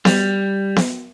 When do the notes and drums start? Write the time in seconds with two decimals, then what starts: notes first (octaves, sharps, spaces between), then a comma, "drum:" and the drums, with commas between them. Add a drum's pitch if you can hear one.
0.05 G3, drum: snare B3
0.76 drum: snare B3